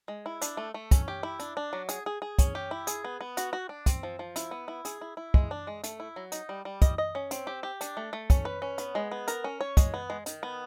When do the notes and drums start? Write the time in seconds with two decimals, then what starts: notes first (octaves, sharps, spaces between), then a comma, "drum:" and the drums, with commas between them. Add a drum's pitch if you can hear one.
0.08 G#3
0.26 E4
0.42 D4, drum: hi-hat
0.57 A3
0.74 A3
0.91 C#4, drum: kick, hi-hat
1.08 G4
1.23 E4
1.40 D4, drum: hi-hat
1.57 D4
1.73 F#3
1.89 G#4, drum: hi-hat
2.06 G#4
2.22 G#4
2.39 C#4, drum: kick, hi-hat
2.55 G4
2.71 E4
2.87 G#4, drum: hi-hat
3.04 B3
3.21 B3
3.37 F#4, drum: hi-hat
3.53 F#4
3.69 D4
3.86 C4, drum: kick, hi-hat
4.03 F3
4.19 F3
4.36 E4, drum: hi-hat
4.51 B3
4.68 E4
4.85 G#4, drum: hi-hat
5.01 E4
5.17 E4
5.34 G#3, drum: kick
5.51 D4
5.67 G#3
5.84 A3, drum: hi-hat
6.00 E4
6.16 F#3
6.32 D#4, drum: hi-hat
6.49 G3
6.65 G3
6.82 D#5, drum: kick, hi-hat
6.98 D#5
7.15 C#4
7.31 C4, drum: hi-hat
7.47 G4
7.63 G4
7.81 D4, drum: hi-hat
7.97 A3
8.13 A3
8.30 C#4, drum: kick, hi-hat
8.45 B4
8.62 C#4
8.78 B3, drum: hi-hat
8.95 G#3
9.11 B3
9.28 A#4, drum: hi-hat
9.44 C#4
9.61 C#5
9.77 G#3, drum: kick, hi-hat
9.94 B3
10.10 G#3
10.26 D#3, drum: hi-hat
10.43 B3